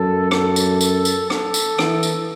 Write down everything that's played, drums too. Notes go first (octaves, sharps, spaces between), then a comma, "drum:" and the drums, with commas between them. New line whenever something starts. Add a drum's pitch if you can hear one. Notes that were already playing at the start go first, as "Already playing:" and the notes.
Already playing: F#2 A4
A4, drum: rim click
drum: tambourine
drum: tambourine
drum: tambourine
A4, drum: rim click
drum: tambourine
E3, drum: rim click
drum: tambourine